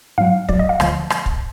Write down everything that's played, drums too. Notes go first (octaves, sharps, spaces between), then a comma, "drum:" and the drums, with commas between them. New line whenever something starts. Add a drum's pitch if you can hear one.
G#2 F#3 F5
G#2 F#3 D5, drum: kick
D#5
F5
D2 D3 F3, drum: rim click
drum: rim click
drum: kick